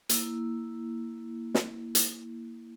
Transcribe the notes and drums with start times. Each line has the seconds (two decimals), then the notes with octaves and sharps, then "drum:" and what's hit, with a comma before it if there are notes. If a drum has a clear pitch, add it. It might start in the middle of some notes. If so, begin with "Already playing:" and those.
0.09 A#3 E4, drum: hi-hat
1.55 drum: snare
1.95 drum: hi-hat